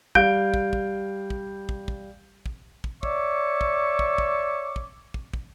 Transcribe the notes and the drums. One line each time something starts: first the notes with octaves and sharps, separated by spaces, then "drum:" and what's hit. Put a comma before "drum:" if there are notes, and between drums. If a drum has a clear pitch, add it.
G3 F5 G6 D7, drum: kick
drum: kick
drum: kick
drum: kick
drum: kick
drum: kick
drum: kick
drum: kick
C#5 D5 E5 C#6 D6, drum: kick
drum: kick
drum: kick
drum: kick
drum: kick
drum: kick
drum: kick